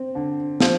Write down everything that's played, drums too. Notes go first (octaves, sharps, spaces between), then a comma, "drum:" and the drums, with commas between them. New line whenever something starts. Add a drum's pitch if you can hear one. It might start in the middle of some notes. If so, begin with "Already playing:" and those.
Already playing: C4
D3
F3, drum: snare